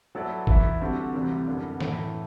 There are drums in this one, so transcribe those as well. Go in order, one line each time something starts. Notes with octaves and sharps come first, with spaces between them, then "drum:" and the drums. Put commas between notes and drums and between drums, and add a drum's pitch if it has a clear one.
F#3 B3 E4 A4 D5
E3 B3 E4, drum: kick G1
D3 G3 C4 F#4 A4
D2 C3 E3 G3
F#2 D3 G3 B3
A2 E3 A3 E4, drum: snare